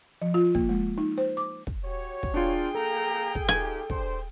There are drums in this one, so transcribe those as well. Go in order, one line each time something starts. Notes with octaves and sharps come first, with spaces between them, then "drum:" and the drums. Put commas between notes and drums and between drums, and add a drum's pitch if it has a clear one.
F3
F4
A#3, drum: kick
G#3
D#4
C5
D6
drum: kick
F#4 G4 C#5
drum: kick
D4 F4 G#4 G5
A#3 A4 F5 A#5
drum: kick
D#4 F4 G4 G#5
D4 G4 C5, drum: kick